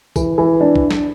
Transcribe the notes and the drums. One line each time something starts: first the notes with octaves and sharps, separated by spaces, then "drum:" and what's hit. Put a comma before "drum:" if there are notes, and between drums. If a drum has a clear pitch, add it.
E3, drum: kick, tambourine
E3
D4
drum: kick
drum: snare